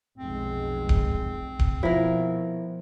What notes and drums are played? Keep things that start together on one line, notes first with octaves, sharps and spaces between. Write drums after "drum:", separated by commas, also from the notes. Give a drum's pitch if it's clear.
F1 B1 G#3 C4
drum: kick D1
drum: kick D1
B2 F3 E4 A#4